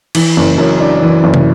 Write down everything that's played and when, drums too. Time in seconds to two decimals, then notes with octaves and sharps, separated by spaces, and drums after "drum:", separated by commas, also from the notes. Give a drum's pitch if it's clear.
0.15 E3, drum: cymbal
0.37 F#1
0.58 F#2
0.81 D4
1.02 E3
1.24 F#1
1.34 drum: tom